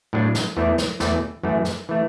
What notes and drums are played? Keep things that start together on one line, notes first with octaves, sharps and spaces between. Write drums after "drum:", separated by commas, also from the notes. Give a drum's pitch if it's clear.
A2 F#3 D4
drum: snare
E2 E3 A3
drum: snare
E2 E3 A3, drum: snare
F#2 E3 A3
drum: snare
E3 A3